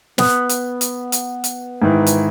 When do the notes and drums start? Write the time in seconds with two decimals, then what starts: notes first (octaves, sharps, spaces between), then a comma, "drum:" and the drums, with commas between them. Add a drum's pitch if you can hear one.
0.18 B3, drum: snare
0.49 drum: hi-hat
0.81 drum: hi-hat
1.12 drum: hi-hat
1.44 drum: hi-hat
1.82 G#2 D#3 E3
2.07 drum: hi-hat